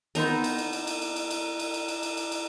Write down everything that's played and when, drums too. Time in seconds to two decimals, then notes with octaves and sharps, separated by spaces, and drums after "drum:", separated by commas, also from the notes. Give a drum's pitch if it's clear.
0.15 B3 C4 D#4 A#4, drum: cymbal
0.44 drum: cymbal
0.58 drum: cymbal
0.73 drum: cymbal
0.87 drum: cymbal
1.02 drum: cymbal
1.16 drum: cymbal
1.31 drum: cymbal
1.59 drum: cymbal
1.74 drum: cymbal
1.88 drum: cymbal
2.03 drum: cymbal
2.17 drum: cymbal
2.32 drum: cymbal